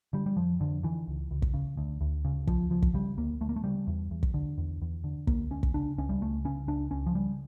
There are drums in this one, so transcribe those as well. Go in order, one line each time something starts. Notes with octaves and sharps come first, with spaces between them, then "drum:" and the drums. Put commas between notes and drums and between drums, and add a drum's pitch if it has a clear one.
D3 G3
G3
F2 F3
F2 D3
D3 E3
C#2
C#2
drum: kick
C#3
D2
D2
C#3
C#2 F3, drum: kick
C#2 F3
drum: kick
C#3 G3
D2 A#3
D2 A3
A#3
A3
C#3 G3
E2
E2
drum: kick
D3
E2
E2
D3
D2 A#3, drum: kick
D2 C#4
drum: kick
C#3 D4
C#2 C#4
G3
C#2 A3
C#3 C#4
C#2 D4
C#2 C#4
F3
C#3 G3